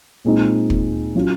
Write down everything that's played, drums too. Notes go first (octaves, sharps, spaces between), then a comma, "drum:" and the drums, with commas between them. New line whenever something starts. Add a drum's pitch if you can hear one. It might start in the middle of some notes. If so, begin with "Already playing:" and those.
A#2 G#3 C4 D#4
drum: kick
F#3 C#4 F4